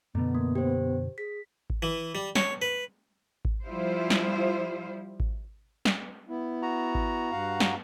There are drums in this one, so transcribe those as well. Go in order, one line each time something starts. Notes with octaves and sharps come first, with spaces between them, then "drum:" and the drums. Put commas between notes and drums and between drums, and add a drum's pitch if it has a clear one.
F#2 B2 D3 A3 B3
A#3
G4 C5
G#4 B6
drum: kick G#1
E3
G3
C#5, drum: snare
B4
drum: kick G#1
F3 G3 E4 F4 C5
drum: snare
drum: kick G#1
drum: snare
B3 E4
F#4 A#5
drum: kick G#1
G2 F5 F#5
drum: snare